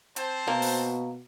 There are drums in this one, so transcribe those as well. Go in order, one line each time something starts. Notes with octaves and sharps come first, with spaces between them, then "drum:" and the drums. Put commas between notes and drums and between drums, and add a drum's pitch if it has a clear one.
C4 C5 A5, drum: hi-hat
B2 A#3
drum: open hi-hat